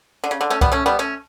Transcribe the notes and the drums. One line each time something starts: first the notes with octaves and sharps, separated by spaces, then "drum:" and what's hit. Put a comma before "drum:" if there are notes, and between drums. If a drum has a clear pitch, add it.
D3
C#3
D3
A3 C#4
G3 B3, drum: kick C2
A3 C#4
G3 B3
A3 C#4